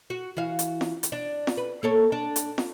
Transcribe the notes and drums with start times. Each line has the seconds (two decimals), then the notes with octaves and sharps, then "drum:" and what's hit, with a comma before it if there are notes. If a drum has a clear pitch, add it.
0.10 F#4
0.37 E3 F#4 F5
0.59 drum: hi-hat
0.81 drum: snare
1.03 drum: hi-hat
1.12 D4
1.47 drum: snare
1.57 B4
1.83 A#3 A4 C#5
2.12 D4
2.36 drum: hi-hat
2.58 drum: snare